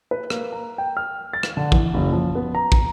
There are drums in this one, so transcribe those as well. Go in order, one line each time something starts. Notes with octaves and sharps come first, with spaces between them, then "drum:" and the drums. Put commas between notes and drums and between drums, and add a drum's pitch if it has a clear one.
B4
A#3, drum: rim click
A#5
G5
F6
A6
drum: rim click
D3
E3, drum: kick
F#1
F3
B3
A#5
drum: kick